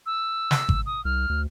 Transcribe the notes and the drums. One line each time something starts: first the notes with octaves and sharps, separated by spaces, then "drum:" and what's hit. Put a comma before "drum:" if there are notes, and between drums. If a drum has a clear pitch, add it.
E6
drum: snare
drum: kick G#1
D#6
C2 F6
D2